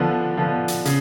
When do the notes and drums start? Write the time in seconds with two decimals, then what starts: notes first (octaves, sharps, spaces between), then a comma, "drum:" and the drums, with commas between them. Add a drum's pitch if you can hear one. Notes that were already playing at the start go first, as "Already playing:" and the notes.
Already playing: D3 F3 B3 D4
0.37 D3 F3 B3 D4
0.68 drum: hi-hat
0.85 C#3, drum: hi-hat